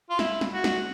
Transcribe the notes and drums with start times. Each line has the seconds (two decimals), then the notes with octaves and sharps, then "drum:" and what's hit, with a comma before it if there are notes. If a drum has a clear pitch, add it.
0.10 F4
0.19 E4, drum: snare
0.41 drum: snare
0.53 F#4
0.64 drum: snare